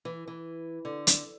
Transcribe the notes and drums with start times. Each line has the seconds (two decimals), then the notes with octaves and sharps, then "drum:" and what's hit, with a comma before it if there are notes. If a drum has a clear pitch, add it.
0.05 E3
0.28 E3
0.85 D3
1.07 drum: hi-hat